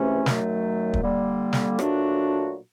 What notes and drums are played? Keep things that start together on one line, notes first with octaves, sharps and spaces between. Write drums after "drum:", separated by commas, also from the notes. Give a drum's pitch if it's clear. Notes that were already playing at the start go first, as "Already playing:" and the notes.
Already playing: C#2 C3 E3 A3 C#4
F#2 D#3 F#3 A3, drum: snare
drum: kick
D3 G3 A#3
drum: snare
A#2 F#3 A3 D4 F#4, drum: rim click